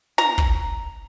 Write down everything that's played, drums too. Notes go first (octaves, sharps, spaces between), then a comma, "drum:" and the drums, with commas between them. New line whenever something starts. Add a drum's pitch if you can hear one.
A#5, drum: snare
drum: kick